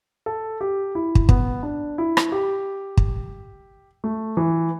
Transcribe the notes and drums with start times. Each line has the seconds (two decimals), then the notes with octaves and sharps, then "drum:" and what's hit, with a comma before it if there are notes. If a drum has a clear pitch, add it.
0.26 A4
0.61 G4
0.95 E4
1.15 drum: kick
1.29 B3, drum: kick
1.63 D4
1.98 E4
2.17 drum: rim click
2.32 G4
2.97 drum: kick
4.04 A3
4.37 E3